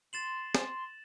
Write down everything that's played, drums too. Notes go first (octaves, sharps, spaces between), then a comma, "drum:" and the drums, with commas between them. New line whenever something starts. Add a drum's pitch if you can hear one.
C6 A6 E7 F#7
drum: snare